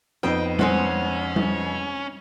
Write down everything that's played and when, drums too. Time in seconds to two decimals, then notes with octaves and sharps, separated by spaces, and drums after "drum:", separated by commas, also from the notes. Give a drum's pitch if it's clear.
0.23 F2 B3 D#4 G5
0.59 G#3 C4 C#4 F#5, drum: tom G3
1.36 drum: tom G3